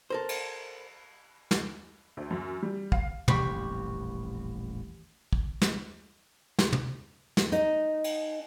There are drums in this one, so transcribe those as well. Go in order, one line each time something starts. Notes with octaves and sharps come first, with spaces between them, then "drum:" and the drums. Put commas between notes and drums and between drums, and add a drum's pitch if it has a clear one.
A4 A#4 C5
drum: cymbal
drum: snare
D2
F#2
G3
F5, drum: kick
D#1 A1 F2 G4 B5 C#6, drum: tom
drum: kick
drum: snare
drum: snare
drum: tom
drum: snare
D#4, drum: hi-hat
drum: cymbal